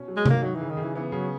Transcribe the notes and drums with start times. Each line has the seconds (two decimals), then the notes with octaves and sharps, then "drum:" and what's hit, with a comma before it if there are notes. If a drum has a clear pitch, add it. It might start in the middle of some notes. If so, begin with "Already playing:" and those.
Already playing: B2 C#4
0.08 F#3
0.17 G#3
0.26 D#3 A#3, drum: tom C3
0.43 F#3 D#4
0.55 E3
0.61 C#3
0.69 D#3
0.77 C#3
0.83 E3
0.95 E3 B3
1.12 C#3 F#3